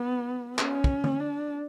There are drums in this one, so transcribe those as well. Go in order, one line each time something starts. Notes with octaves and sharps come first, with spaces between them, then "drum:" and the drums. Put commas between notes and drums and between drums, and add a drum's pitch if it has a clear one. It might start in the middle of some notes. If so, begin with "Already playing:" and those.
Already playing: B3
C#4, drum: clap
drum: kick
drum: tom
D4